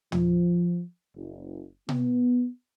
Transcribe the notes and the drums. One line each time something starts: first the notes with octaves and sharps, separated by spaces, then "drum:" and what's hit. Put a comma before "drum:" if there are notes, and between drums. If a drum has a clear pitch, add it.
F3, drum: tom
F#1
B3, drum: tom B2